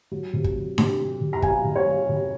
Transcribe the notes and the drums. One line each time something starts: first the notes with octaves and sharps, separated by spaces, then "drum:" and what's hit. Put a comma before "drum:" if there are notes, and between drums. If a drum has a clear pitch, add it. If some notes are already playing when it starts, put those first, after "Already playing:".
F#3
C3
drum: kick
F#3
C3, drum: snare D4
F#3
C3
A#5
F#3 F5 G#5, drum: kick
C3
C#5 F5
F#3
C3